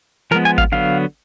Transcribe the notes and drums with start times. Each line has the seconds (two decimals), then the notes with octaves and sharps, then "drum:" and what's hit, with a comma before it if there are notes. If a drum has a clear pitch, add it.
0.31 F3 G#3 B3 A#4
0.45 G#5
0.58 F5, drum: kick G#1
0.72 D3 F#3 B3 F5